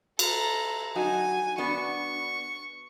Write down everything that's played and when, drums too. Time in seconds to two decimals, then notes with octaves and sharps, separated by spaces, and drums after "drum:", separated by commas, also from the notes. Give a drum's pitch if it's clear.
0.19 A4 A#5, drum: cymbal
0.95 F#3 D#4 F#4 G#5
1.58 B3 D4 F#4 C#6